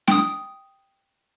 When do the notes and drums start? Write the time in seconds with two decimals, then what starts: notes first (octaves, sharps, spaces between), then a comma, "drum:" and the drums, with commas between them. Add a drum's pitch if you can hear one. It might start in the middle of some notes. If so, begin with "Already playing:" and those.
0.08 G5 D#6, drum: snare